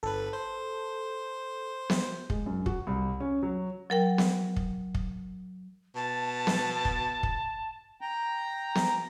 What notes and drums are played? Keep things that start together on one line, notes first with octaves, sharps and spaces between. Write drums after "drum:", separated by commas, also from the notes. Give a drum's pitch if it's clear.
G1 A4 B4
C5
drum: snare B3
G#3, drum: kick
F#2
F#4, drum: kick
C2
C#4
F#3
F#3 A#4 G5
drum: snare B3
drum: kick
drum: kick
B2 A5
drum: snare B3
drum: kick
drum: kick
G5 A#5
drum: snare B3